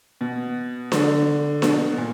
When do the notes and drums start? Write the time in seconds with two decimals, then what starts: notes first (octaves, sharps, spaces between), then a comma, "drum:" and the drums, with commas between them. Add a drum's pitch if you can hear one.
0.21 B2
0.92 D3, drum: snare D4
1.62 B2, drum: snare D4
1.98 A#2